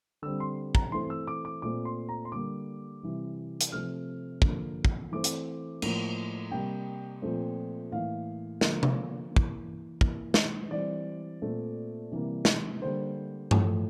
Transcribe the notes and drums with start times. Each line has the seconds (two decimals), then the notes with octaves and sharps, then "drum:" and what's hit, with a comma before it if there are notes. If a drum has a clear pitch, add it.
0.22 D3 G3 C4 E6
0.40 C6
0.75 A#5, drum: kick
0.92 E3 A3 C4 C6
1.10 E6
1.27 D6
1.45 D6
1.62 A#2 A3 C4 D6
1.85 C6
2.09 A#5
2.25 C6
2.32 D3 G3 A#3 D6
3.03 C3 E3 G3
3.61 drum: hi-hat
3.72 C3 F3 A3 C4 F6
4.42 D3 F3 A#3, drum: kick
4.85 drum: kick
5.12 E3 A3 C4 D6
5.24 drum: hi-hat
5.82 A2 F3 A#3, drum: cymbal
6.51 C3 G3 A#3 G5
7.22 A#2 F3 A3 C4
7.91 A2 E3 A#3 F5
8.61 D3 F3 A#3, drum: snare
8.83 drum: tom C3
9.31 A#3
9.36 E3, drum: kick
10.01 E3 A#3, drum: kick
10.34 drum: snare
10.71 E3 G3 C4 D5
11.42 A#2 A3 C4
12.12 C3 E3 G3 A#3
12.45 drum: snare
12.82 D3 G3 A#3 C5
13.51 A2 F3 A3, drum: tom G2